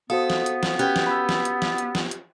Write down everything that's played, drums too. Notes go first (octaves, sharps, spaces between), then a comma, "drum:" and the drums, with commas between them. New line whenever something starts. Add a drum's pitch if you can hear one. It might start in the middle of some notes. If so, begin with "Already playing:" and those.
B3 F#4 A4 C5 F5 D#6
drum: snare
drum: hi-hat
drum: snare
C#4 G4 B4 F#6 G#6, drum: hi-hat
drum: snare
B5 E6
drum: snare
drum: hi-hat
drum: snare
drum: hi-hat
drum: snare
drum: hi-hat